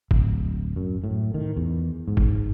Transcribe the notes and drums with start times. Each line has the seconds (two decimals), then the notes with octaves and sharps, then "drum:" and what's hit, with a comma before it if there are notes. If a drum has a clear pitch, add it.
0.11 D1, drum: kick
0.76 F#2
1.04 A2
1.34 D#3
1.56 E2
2.08 G#2
2.17 drum: kick